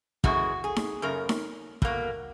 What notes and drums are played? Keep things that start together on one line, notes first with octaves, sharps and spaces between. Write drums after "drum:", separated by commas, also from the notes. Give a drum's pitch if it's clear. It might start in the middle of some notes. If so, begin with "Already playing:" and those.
F#2 E3 G#3 F#4, drum: kick
G#4
drum: snare D#4
F#2 C#3 A#4
drum: snare D#4
B2 A#3, drum: kick